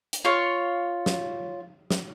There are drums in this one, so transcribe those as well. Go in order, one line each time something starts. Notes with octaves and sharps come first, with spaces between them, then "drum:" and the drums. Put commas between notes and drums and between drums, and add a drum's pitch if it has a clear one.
drum: hi-hat
F4 C#5
drum: snare
drum: snare